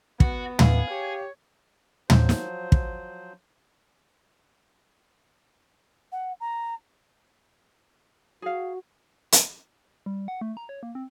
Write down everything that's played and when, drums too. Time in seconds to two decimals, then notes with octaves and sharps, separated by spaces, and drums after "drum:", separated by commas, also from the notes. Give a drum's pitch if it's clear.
0.20 B3 F#4, drum: kick
0.59 E3 G#4 F5, drum: tom
0.91 G4 C#5
2.10 F3 F#3 C5, drum: tom
2.29 drum: snare
2.72 drum: kick
6.12 F#5
6.40 A#5
8.42 F#4 G#4 F5
9.32 drum: hi-hat
10.06 G3
10.28 F#5
10.41 A3
10.57 A#5
10.69 C#5
10.83 A#3
10.95 C4